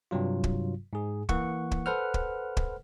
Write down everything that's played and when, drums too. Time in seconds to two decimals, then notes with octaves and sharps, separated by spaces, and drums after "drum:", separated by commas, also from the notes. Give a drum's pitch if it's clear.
0.11 G2 C3 F#3 F4
0.44 drum: kick
0.93 G#2 G#4
1.29 E3 A#3 F#5 C#6, drum: kick
1.71 drum: kick
1.86 A4 B4 C5 F#5 F6
2.14 drum: kick
2.57 drum: kick